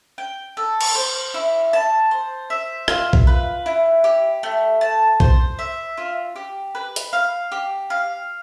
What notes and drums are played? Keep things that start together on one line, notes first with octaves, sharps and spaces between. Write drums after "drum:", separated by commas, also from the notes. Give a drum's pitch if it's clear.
G5
A4
drum: cymbal
C5
E4
A5
C5
E5
F4, drum: rim click
drum: kick B1
B4
E4
G4
A3
A5
C5, drum: kick B1
E5
F4
G4
B4
drum: hi-hat
F5
G4
F5